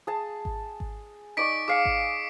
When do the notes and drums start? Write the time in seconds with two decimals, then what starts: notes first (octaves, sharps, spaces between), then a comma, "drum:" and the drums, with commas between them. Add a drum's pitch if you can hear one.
0.07 G#4 A5
0.45 drum: kick G#1
0.80 drum: kick G#1
1.37 D#4 D5 C#6 B6 D7
1.68 G#4 F5 D6 C7 C#7
1.85 drum: kick G#1